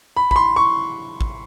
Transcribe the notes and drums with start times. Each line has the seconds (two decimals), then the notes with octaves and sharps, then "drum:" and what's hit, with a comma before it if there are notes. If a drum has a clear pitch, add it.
0.17 B5
0.31 B5, drum: kick A1
0.36 C6
0.56 C#6
1.21 drum: kick A1